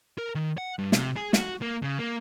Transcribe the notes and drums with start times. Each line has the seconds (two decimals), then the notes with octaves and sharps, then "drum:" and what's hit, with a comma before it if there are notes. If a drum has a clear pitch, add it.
0.18 A#4
0.35 D#3
0.58 F#5
0.79 G2
0.92 C3, drum: snare
1.16 G#4
1.33 F#4, drum: snare
1.62 A#3
1.83 C#3
1.99 A#3